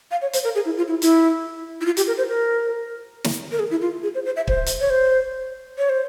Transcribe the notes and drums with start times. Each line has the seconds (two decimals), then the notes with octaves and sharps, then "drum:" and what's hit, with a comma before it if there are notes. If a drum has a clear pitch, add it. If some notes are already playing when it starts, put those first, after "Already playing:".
0.11 F5
0.22 C#5
0.33 C5, drum: hi-hat
0.44 A#4
0.55 G#4
0.65 E4
0.77 F4
0.88 E4
1.02 E4, drum: hi-hat
1.81 E4
1.86 F4
1.97 G4, drum: hi-hat
2.07 A#4
2.18 C5
2.29 A#4
3.24 drum: snare
3.52 A#4
3.59 G#4
3.71 E4
3.81 F4
4.03 G#4
4.15 C5
4.26 C5
4.36 E5
4.47 C5, drum: kick
4.66 drum: hi-hat
4.81 C#5
4.90 C5
5.78 C#5
5.89 C5